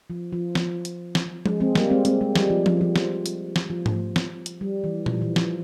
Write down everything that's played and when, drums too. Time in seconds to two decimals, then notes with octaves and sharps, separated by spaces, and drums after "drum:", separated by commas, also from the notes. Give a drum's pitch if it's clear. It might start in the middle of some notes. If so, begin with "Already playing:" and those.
0.10 F3
0.33 F3
0.55 F3, drum: snare
0.85 drum: hi-hat
1.15 drum: snare
1.46 G#3, drum: tom F3
1.60 G#3 C4
1.75 G3 A#3, drum: snare
1.90 G#3 C4
2.05 G#3 C4, drum: hi-hat
2.21 G#3
2.36 G3, drum: snare
2.50 F3
2.66 F3, drum: tom F3
2.81 F3
2.96 drum: snare
3.26 drum: hi-hat
3.56 drum: snare
3.70 F3
3.86 drum: tom G#2
4.16 drum: snare
4.46 drum: hi-hat
4.61 G3
4.84 E3
5.06 F3, drum: tom A#2
5.21 E3
5.36 F3, drum: snare